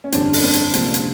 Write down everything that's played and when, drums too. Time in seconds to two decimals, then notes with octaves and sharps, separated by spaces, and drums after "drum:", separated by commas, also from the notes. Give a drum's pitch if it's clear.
0.04 C#4
0.12 G1 F2 D3 G3 C4 D4, drum: hi-hat
0.33 drum: open hi-hat
0.43 C4 D4
0.53 drum: hi-hat
0.74 C#2 C3 F3 A#3 C4 D4, drum: hi-hat
0.94 drum: hi-hat